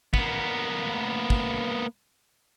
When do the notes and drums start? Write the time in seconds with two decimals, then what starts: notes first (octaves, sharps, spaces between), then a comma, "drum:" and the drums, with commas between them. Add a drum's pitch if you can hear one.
0.14 A#3 B3, drum: kick
1.30 drum: kick